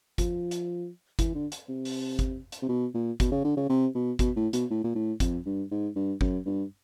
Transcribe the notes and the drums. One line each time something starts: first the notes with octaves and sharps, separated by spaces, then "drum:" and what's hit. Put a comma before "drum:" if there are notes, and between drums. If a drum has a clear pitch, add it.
F3, drum: kick G1, hi-hat
drum: hi-hat
E3, drum: kick G1, hi-hat
D3
drum: hi-hat
C3
drum: open hi-hat
drum: kick G1, hi-hat
drum: hi-hat
C3
B2
A#2
B2, drum: kick G1, hi-hat
C#3
D3
C#3
C3
B2
B2, drum: kick G1, hi-hat
A2
B2, drum: hi-hat
A2
A#2
A2
F2, drum: kick G1, hi-hat
G2
G#2
G2
F#2, drum: kick G1
G2